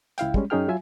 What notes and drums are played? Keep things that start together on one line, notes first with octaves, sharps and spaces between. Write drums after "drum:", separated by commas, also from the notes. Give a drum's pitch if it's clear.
C#2 E4 F5 G5, drum: hi-hat
G3 G#3 C#4, drum: kick
F#2 C#4 D#4 G#4 G5 F6
F#3 F4 E5 G#5